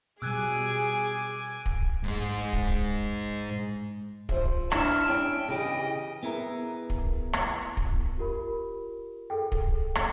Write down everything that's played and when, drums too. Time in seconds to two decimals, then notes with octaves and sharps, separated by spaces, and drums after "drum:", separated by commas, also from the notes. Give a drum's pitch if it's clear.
0.22 B2 G3 G#4 G#5 D6 E6 F#6 G#6
1.66 drum: kick
2.03 G#2 G#3
2.53 drum: kick
4.29 F3 C5 E5, drum: kick
4.72 D4 E4 E5 A5 F6, drum: rim click
5.08 C#4 D4 G5
5.48 C#3 E3 G4 D#5
6.23 B3 E4 G#4 A#4
6.90 drum: kick
7.33 drum: rim click
7.77 drum: kick
8.18 F4 G4 A#4 B5
9.30 G#4 A4 G5
9.52 drum: kick
9.95 drum: rim click